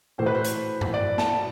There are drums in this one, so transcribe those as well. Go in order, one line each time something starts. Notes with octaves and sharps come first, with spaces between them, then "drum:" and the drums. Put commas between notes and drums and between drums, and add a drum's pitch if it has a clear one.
A2 E3 A3 C5
B4
C5
drum: hi-hat
drum: tom G2
D5
A5, drum: snare